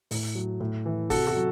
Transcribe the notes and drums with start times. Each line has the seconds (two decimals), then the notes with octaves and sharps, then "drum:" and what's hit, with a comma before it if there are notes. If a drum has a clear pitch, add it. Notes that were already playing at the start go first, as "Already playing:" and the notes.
0.11 A2, drum: open hi-hat
0.35 F#3
0.60 A2
0.86 E3
1.10 C3 F#4 A4, drum: kick G1, open hi-hat
1.27 F#4 A4
1.36 F#3